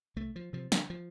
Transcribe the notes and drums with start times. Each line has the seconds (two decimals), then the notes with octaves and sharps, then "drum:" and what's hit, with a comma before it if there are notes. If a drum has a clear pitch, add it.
0.16 C2 A3
0.36 F3
0.53 C3 F3
0.72 D3, drum: snare
0.90 F3